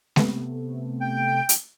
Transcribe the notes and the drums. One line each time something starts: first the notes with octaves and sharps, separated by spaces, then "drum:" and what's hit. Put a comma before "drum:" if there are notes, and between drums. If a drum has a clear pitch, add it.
C3 A3 B3, drum: snare G#3
G5
drum: hi-hat